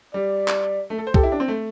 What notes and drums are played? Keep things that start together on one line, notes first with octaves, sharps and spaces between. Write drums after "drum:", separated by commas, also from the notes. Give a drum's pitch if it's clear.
G3 D5
drum: clap
A3
A4
C5
G4 A4, drum: kick C2
E4
D4
C4
A3